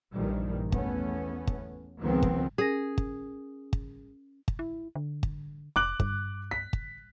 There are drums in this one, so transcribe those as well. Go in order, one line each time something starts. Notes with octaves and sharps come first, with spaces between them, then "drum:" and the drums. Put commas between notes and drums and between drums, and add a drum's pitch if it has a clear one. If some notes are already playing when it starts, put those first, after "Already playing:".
A#1 G2 D#3 E3 G3
E2 A3 B3 C#4, drum: kick
drum: kick
C#2 D#3 F3 G#3 B3 C4
drum: kick
C#4 G#4 A#4 A#6
drum: kick
drum: kick
drum: kick
E4
D3
drum: kick
F1 D6 F#6 F#7
G2, drum: kick
B6
drum: kick